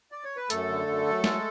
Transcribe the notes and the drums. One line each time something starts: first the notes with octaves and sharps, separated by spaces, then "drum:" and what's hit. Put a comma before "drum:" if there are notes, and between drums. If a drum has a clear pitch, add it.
D5
C#5
B4
F#2 A3 A4, drum: hi-hat
D3
F#2
F#2
G#3, drum: snare